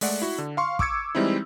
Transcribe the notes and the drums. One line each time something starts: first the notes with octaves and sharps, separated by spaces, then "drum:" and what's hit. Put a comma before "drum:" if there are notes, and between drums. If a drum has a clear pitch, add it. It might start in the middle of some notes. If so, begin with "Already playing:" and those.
G#3 A3 D5 F#5, drum: open hi-hat
E4 F#4
D3
F5 C6 C#6
C#6 D6 E6 G#6 C#7, drum: kick
E3 G3 G#3 C4 D#4 E4